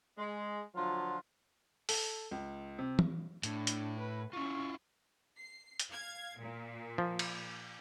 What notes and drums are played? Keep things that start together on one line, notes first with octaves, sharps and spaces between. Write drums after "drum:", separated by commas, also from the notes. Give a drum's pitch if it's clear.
G#3
D3 F3 F#3 F4
A4, drum: open hi-hat
C#2
C3
drum: tom
A2 D4, drum: hi-hat
drum: hi-hat
B4
C#4 E4 F4 C#6
C7
drum: hi-hat
F5 G#6
A#2
F3
drum: cymbal